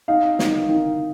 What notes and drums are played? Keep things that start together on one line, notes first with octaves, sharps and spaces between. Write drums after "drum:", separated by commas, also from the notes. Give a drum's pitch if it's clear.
D#4 F5
D#3, drum: snare
D#3